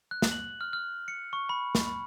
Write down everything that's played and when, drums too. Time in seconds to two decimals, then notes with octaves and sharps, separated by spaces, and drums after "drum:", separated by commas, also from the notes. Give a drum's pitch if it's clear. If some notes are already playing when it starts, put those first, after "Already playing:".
0.11 F#6
0.22 drum: snare
0.32 F#7
0.61 F6
0.73 F6
1.08 C#7
1.33 C#6
1.49 B5
1.75 drum: snare
1.87 B5